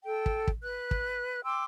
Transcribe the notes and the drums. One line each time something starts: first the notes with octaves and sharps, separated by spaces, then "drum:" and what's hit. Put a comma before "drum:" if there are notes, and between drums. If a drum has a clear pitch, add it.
A4 G5
drum: kick
drum: kick
B4 F#6
drum: kick
G5 C6 D6 E6